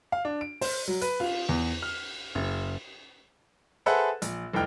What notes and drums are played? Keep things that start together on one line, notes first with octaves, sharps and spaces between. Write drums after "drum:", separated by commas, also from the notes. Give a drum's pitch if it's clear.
F5
D4
D7
C5, drum: open hi-hat
F#3
B4, drum: hi-hat
F4, drum: cymbal
E2
F6
F#1
G#4 A4 B4 C5 E5 F#5
A#1, drum: hi-hat
F1 C2 E3 G5 F6